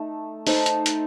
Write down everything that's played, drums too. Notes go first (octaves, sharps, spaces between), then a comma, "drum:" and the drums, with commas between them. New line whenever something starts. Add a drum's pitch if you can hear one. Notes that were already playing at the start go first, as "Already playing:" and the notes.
Already playing: A3 D#4
D#4 A4 C5 D#5, drum: open hi-hat
drum: hi-hat
drum: hi-hat